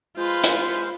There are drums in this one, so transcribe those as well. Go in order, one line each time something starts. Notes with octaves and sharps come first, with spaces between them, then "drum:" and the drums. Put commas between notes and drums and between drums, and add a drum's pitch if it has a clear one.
G#3 F4 B4 C5 F5
drum: hi-hat